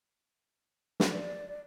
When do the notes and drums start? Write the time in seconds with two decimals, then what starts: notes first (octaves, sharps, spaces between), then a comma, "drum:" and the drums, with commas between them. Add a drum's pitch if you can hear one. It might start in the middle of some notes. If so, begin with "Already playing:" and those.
1.00 drum: snare
1.11 D5